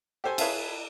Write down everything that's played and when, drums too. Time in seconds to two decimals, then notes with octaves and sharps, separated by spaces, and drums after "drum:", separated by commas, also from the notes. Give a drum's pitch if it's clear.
0.24 G4 A4 C5 G#5
0.38 G#4 B4 C#5 E5 F5 A5, drum: cymbal